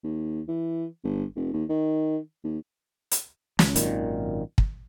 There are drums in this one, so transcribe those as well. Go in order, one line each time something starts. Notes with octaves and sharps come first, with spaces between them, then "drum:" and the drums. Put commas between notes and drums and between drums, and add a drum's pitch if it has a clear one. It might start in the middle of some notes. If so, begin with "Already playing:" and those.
D#2
E3
G1
F1
D#2
D#3
D#2
drum: hi-hat
C#2, drum: snare
G#1 F#2 A#2 D#3, drum: hi-hat
drum: kick